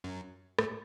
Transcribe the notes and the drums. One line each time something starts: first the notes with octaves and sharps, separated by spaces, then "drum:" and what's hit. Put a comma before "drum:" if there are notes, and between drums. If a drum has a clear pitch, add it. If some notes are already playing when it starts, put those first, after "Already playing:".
F#2 F#3
A2 A3, drum: rim click